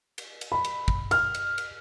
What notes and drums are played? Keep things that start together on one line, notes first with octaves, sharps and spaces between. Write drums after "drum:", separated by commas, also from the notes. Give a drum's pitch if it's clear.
drum: cymbal
drum: cymbal
B5
drum: cymbal
drum: kick
F6, drum: cymbal
drum: cymbal
drum: cymbal